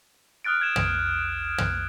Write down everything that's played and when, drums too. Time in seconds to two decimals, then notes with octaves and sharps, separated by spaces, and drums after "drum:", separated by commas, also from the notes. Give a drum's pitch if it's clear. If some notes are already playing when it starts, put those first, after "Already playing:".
0.44 D#6 F6 F#6 A6 D7
0.61 G#6 E7
0.76 drum: tom
1.58 drum: tom